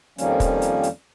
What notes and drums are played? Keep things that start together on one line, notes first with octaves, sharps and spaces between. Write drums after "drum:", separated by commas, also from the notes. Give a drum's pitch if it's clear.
F2 D#3 F3 G3 A#3 C#4, drum: hi-hat
drum: kick, hi-hat
drum: hi-hat
drum: hi-hat